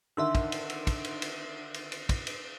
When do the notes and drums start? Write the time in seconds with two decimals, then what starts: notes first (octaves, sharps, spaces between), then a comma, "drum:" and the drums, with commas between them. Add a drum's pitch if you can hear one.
0.17 D3 D#3 E5 C6 E6
0.35 drum: kick, cymbal
0.52 drum: cymbal
0.70 drum: cymbal
0.87 drum: kick, cymbal
1.04 drum: cymbal
1.22 drum: cymbal
1.74 drum: cymbal
1.92 drum: cymbal
2.09 drum: kick, cymbal
2.27 drum: cymbal